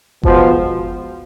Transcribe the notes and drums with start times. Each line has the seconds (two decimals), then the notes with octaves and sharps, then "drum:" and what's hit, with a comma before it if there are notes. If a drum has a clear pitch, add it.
0.23 B2 F3 G#3 B3, drum: kick F#1